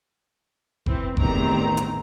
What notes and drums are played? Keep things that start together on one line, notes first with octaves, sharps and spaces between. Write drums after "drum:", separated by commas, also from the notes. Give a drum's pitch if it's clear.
E3 C4, drum: kick F#1
A1 E2 C3 D#3 C4 A#5, drum: kick F#1
drum: hi-hat